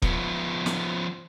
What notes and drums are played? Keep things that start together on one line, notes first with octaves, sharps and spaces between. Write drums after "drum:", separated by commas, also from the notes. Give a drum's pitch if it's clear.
F3 B3, drum: kick
drum: snare